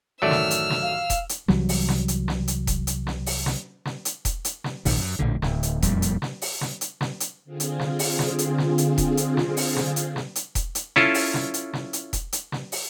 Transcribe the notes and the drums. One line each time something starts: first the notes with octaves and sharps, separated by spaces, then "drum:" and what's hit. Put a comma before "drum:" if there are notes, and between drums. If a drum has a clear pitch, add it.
A1 F#2 D#3 F#3 A3 D5 E6 F6
drum: snare
drum: hi-hat
drum: snare
F5
drum: kick E1, hi-hat
drum: hi-hat
C2 E3 F#3 G3, drum: snare
drum: open hi-hat
drum: snare
drum: hi-hat
drum: snare
drum: hi-hat
drum: kick E1, hi-hat
drum: hi-hat
drum: snare
drum: open hi-hat
drum: snare
drum: snare
drum: hi-hat
drum: kick E1, hi-hat
drum: hi-hat
drum: snare
A#1 G#2 D#3, drum: open hi-hat
F#2
A#1 A2 D3
D1, drum: snare
drum: hi-hat
E1 F2 A#2 G3, drum: kick E1, hi-hat
drum: hi-hat
drum: snare
drum: open hi-hat
drum: snare
drum: hi-hat
drum: snare
drum: hi-hat
D3 C4 F4 G#4
drum: hi-hat
drum: snare
drum: open hi-hat
drum: snare
drum: hi-hat
drum: snare
drum: hi-hat
drum: kick E1, hi-hat
drum: hi-hat
drum: snare
drum: open hi-hat
drum: snare
drum: hi-hat
drum: snare
drum: hi-hat
drum: kick E1, hi-hat
drum: hi-hat
C#4 E4 F4 A4, drum: snare
drum: open hi-hat
drum: snare
drum: hi-hat
drum: snare
drum: hi-hat
drum: kick E1, hi-hat
drum: hi-hat
drum: snare
drum: open hi-hat